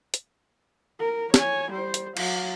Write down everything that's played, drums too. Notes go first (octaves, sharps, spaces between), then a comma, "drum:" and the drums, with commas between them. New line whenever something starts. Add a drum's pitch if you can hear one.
drum: hi-hat
A#4
C#5 G#5, drum: snare
G3 C5
drum: hi-hat
F#3 F5, drum: cymbal